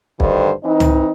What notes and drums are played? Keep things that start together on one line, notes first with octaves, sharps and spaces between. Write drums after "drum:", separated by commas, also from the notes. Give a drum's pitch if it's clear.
D2 G2 D3 D#3 C5, drum: kick
E3 C4 D#4
drum: tom